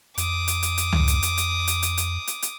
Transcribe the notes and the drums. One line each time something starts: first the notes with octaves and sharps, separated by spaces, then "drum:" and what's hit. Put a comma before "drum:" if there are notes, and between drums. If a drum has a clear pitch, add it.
F2 D6 D#6, drum: hi-hat
drum: hi-hat
drum: hi-hat
drum: hi-hat
drum: tom C#2
drum: hi-hat
drum: hi-hat
drum: hi-hat
drum: hi-hat
drum: hi-hat
drum: hi-hat
drum: hi-hat
drum: hi-hat